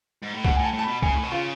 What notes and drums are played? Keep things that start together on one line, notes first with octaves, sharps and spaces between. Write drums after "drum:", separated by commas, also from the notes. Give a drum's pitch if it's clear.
G#2
A2
B2 F#5, drum: kick C#2
G#5
A2
A5
A2
A5
B2 B5
C#3 G#5, drum: kick C#2
A2
B2
C#3 F4